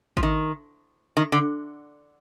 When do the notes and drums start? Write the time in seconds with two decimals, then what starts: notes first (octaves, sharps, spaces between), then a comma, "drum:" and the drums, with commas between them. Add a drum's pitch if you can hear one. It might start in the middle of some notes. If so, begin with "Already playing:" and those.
0.17 F3, drum: kick G#1
0.23 D#3
1.17 D#3
1.32 D3